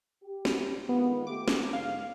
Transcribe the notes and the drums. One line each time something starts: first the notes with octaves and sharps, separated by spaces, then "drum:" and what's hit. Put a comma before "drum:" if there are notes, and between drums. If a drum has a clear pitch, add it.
G4
drum: snare
D#3 G#3 B3 F4
A3 G4 D6
drum: snare
G#2 D3 F5